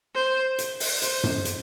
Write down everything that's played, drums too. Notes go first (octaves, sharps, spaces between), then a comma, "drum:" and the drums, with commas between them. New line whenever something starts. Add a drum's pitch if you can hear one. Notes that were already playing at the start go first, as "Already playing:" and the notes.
C5
drum: hi-hat
drum: open hi-hat
C5, drum: hi-hat
drum: tom F#2
drum: hi-hat